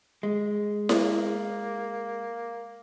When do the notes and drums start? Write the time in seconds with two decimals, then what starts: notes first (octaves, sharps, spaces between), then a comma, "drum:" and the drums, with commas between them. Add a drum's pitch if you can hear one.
0.23 G#3
0.89 A#3, drum: snare E4